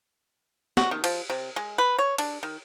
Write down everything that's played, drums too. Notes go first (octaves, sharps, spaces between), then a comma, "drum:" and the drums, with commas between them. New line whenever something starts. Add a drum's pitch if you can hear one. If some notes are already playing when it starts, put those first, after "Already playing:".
F#4, drum: snare
D#3
F3, drum: cymbal
C3
G#3
B4
C#5
D4, drum: cymbal
D#3